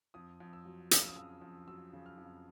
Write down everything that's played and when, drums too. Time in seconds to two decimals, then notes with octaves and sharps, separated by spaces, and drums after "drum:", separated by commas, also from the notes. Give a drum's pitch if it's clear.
0.14 F2 D#6
0.40 F2
0.53 E6
0.65 F#3
0.91 C#3 F6, drum: hi-hat
0.99 E6
1.08 D#6
1.16 F2 E6
1.41 F2
1.68 F#3 E6
1.93 C#3
2.06 F6
2.18 F2